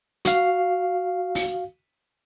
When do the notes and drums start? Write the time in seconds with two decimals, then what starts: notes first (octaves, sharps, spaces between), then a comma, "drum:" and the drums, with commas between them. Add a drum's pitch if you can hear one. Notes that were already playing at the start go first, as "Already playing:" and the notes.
0.25 F#4 F5, drum: hi-hat
1.35 drum: open hi-hat